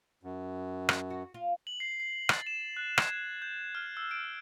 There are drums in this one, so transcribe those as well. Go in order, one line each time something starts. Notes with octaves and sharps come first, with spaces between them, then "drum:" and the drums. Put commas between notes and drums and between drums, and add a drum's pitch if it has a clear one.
F#2
drum: rim click
F#4
F4
F#7
C7
C7
A6, drum: rim click
E7
F#6
G#6, drum: rim click
G6
F6
E6
D7